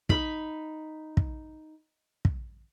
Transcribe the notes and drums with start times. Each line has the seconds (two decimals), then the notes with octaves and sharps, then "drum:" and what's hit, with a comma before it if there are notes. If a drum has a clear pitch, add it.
0.09 D#4 B5, drum: kick
1.17 drum: kick
2.25 drum: kick